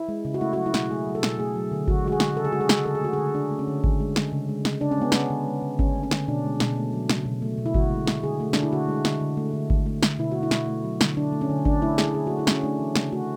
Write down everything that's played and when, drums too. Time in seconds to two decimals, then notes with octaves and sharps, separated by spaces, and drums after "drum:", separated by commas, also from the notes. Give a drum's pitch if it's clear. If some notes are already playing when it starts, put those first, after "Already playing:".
Already playing: E4
0.09 G#3
0.25 C#3
0.34 F#4
0.41 A3 E4
0.53 F#3 F#4
0.66 E4
0.74 B2, drum: snare
0.90 A3 G#4
1.06 F#3
1.15 A4
1.23 B2, drum: snare
1.39 A3 G#4
1.56 F#3
1.72 D3
1.88 D3 F#4, drum: kick G#1
2.05 G#3 F#4
2.12 G#4
2.20 D3, drum: snare
2.36 C#3 A4
2.44 G#4
2.52 G#3 F#4
2.61 G#4
2.69 C#3, drum: snare
2.86 D3 A4
2.95 G#4
3.02 A3 F#4
3.13 D3 G#4
3.35 D3 D4
3.51 A3
3.59 C#4
3.68 D3
3.84 D3, drum: kick G#1
4.00 G#3
4.16 D3, drum: snare
4.33 C#3
4.48 G#3
4.65 C#3, drum: snare
4.81 C#3 D4
4.91 C#4
4.98 G#3 B3
5.12 C#3 C#4, drum: snare
5.30 D3
5.47 G#3
5.62 D3
5.79 D3 C#4, drum: kick G#1
5.96 A3
6.03 C#4
6.11 D3, drum: snare
6.28 B2 D4
6.44 G#3
6.60 B2, drum: snare
6.77 A3
6.93 F#3
7.10 C#3, drum: snare
7.26 B2
7.42 A3
7.58 B2
7.66 E4
7.74 D3 F#4, drum: kick G#1
7.91 G#3
8.07 D3, drum: snare
8.23 D3 G#4
8.40 A3
8.53 D3 D4, drum: snare
8.63 E4
8.72 D3 F#4
8.88 G#3
9.05 D3, drum: snare
9.21 D3
9.37 A3
9.53 D3
9.70 D3, drum: kick G#1
9.86 A3
10.03 D3, drum: snare
10.19 B2 E4
10.31 A3 F#4
10.43 E4
10.51 B2, drum: snare
10.68 A3
10.84 F#3
11.01 D3, drum: snare
11.17 D3 D4
11.33 A3
11.41 C#4
11.49 D3
11.65 D3 D4, drum: kick G#1
11.82 A3 E4
11.98 D3 G#4, drum: snare
12.14 D3 G#4
12.27 A3 F#4
12.39 E4
12.47 D3 C#4, drum: snare
12.63 A3 D4
12.79 E3
12.96 C#3, drum: snare
13.12 A3 F#4